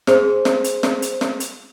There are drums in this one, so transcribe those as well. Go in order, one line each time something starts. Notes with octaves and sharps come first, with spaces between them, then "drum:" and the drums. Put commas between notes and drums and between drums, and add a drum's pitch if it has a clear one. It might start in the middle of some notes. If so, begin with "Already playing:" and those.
G#4 C5, drum: snare
drum: snare
drum: hi-hat
drum: snare
drum: hi-hat
drum: snare
drum: hi-hat